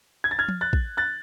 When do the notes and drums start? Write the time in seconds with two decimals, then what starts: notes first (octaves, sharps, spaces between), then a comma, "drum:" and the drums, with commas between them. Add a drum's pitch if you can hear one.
0.24 G#6
0.31 A6
0.39 F6 G#6
0.48 drum: tom F3
0.61 F#6 A6
0.73 drum: kick
0.97 F#6 A6